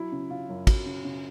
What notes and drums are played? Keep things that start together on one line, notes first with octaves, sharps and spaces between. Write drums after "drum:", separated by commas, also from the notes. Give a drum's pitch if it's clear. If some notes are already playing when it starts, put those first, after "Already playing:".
Already playing: F#3 E4
C#3
C#3 F4
F#2
F#3, drum: kick, cymbal
C#3
C#3